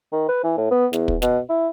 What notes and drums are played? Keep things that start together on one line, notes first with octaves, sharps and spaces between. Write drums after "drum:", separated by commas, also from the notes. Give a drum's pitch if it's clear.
D#3
B4
E3
A2
B3
E2, drum: snare
drum: kick
B2, drum: snare
E4